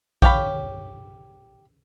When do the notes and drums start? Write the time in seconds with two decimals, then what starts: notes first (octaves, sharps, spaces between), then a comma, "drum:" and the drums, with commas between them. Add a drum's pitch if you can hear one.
0.22 G4 C#5 F5 A5 B5, drum: kick A#1